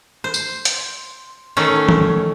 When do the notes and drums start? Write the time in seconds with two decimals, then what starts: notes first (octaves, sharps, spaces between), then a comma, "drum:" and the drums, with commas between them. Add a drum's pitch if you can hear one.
0.24 C5
0.34 drum: tambourine
0.65 drum: hi-hat
1.57 D#3 A3 C#4
1.89 drum: tom E3